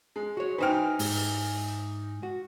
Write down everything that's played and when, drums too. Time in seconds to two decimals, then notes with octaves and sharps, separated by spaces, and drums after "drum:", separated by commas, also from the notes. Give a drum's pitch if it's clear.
0.16 G#3
0.37 F#4 C#5
0.58 E3 D#4 B4 C5 G5 F6
0.99 G#2, drum: open hi-hat
2.23 F#4